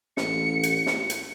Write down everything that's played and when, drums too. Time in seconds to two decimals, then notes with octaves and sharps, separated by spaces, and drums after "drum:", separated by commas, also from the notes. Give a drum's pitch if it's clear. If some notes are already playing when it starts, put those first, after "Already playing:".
0.17 A1 C#7, drum: snare
0.63 drum: hi-hat
0.86 drum: snare
1.10 drum: hi-hat